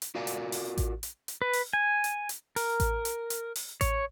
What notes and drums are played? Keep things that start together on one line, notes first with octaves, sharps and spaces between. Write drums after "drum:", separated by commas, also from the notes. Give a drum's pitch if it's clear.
drum: hi-hat
F4 F#4 A#4 D5 F5 G#5
drum: hi-hat
drum: open hi-hat
drum: kick A1, hi-hat
drum: hi-hat
drum: hi-hat
B4
drum: open hi-hat
G#5
drum: hi-hat
drum: hi-hat
A#4, drum: open hi-hat
drum: kick A1, hi-hat
drum: hi-hat
drum: hi-hat
drum: open hi-hat
C#5, drum: kick A1, hi-hat